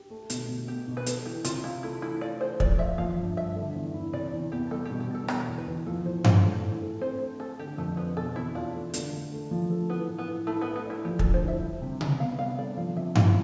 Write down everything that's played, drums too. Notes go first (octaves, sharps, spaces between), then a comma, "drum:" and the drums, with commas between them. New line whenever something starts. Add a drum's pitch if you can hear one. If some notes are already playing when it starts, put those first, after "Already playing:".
Already playing: G4
A3
B2, drum: hi-hat
B2
B3 G4
B2
B4
A4, drum: hi-hat
E3 G4
C3 F4, drum: hi-hat
E4 F4
A3 E4
E3 E4
F4 D5
A3 C5
F3 D5, drum: kick
F4 E5
F3 F5
G2
G2 E5
D3
E2
E4
C3 D5
E2
B3 G4
G3 A4
G4
B2
G4
B2 A4
B2 A4, drum: rim click
E2
B4
E2
F3 A4
A2 C5
D4 C5, drum: tom G2
A3
E3
A4
C4 C5
A3
A3 A4
D3 G4
F2 A3
B3 C4
B2 A4
E2 E4
D4 F4
A3
D3, drum: hi-hat
D3
A3
F3
A4
E3 B3
A2
B3
A2
A3 E4
B3
A3
B3
E4 D5
F3 G4
A4, drum: kick
D3
C5
E4 E5
G3
C3
C3, drum: tom C3
B3 F5
G3 F5
A4 D5
F3 F5
C3 E5
E4 F5, drum: tom G2